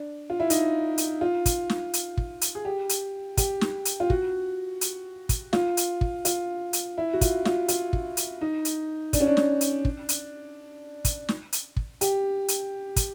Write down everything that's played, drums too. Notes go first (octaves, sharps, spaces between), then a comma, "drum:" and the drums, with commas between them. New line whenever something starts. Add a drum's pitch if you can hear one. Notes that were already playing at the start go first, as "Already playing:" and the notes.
Already playing: D4
F4
E4
D#4, drum: hi-hat
drum: hi-hat
F4
drum: kick, hi-hat
drum: snare
drum: hi-hat
drum: kick
drum: hi-hat
G#4
G4
drum: hi-hat
G4, drum: kick, hi-hat
drum: snare
drum: hi-hat
F4
F#4, drum: kick
drum: hi-hat
drum: kick, hi-hat
F4, drum: snare
drum: hi-hat
drum: kick
F4, drum: hi-hat
drum: hi-hat
E4
F#4
F4, drum: kick, hi-hat
F4, drum: snare
F4, drum: hi-hat
drum: kick
drum: hi-hat
D#4
drum: hi-hat
D4, drum: kick, hi-hat
C#4
D4
drum: snare
drum: hi-hat
drum: kick
drum: hi-hat
drum: kick, hi-hat
drum: snare
drum: hi-hat
drum: kick
G4, drum: hi-hat
drum: hi-hat
drum: kick, hi-hat